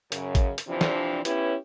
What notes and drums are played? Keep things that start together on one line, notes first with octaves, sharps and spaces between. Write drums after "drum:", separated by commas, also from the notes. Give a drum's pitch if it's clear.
F#2 C#3, drum: hi-hat
drum: kick A1, hi-hat
drum: hi-hat
C3 E3 F3 C4 D4
drum: snare
B3 C#4 E4 G4 B4 C#5, drum: hi-hat